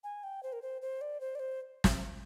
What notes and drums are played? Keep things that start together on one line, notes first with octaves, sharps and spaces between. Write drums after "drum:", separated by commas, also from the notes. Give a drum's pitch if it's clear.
G#5
G5
C5
A#4
C5
C5
D5
C5
D5
C5
drum: snare